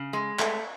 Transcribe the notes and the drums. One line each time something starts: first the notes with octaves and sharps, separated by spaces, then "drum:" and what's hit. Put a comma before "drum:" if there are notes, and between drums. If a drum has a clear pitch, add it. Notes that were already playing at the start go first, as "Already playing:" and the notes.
Already playing: C#3
G#3
A3, drum: clap